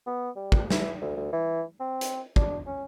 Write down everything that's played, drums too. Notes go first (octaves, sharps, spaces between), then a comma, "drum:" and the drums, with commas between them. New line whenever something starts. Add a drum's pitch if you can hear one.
B3
G3
drum: kick
E3, drum: snare
D2
D2
E3
C4
drum: hi-hat
D4, drum: kick
C#4